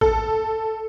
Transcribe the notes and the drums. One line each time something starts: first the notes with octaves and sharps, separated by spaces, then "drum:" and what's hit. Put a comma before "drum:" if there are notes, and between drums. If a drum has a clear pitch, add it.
A4, drum: kick